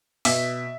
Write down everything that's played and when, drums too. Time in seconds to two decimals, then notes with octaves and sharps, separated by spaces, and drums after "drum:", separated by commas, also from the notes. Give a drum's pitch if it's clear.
0.25 B2 E5, drum: open hi-hat